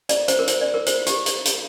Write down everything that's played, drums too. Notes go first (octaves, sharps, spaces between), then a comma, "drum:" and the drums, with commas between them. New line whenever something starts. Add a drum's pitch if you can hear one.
D5, drum: hi-hat
C5, drum: hi-hat
A#4
C5, drum: hi-hat
D5
A#4
C5, drum: hi-hat
G4, drum: hi-hat
drum: hi-hat
drum: hi-hat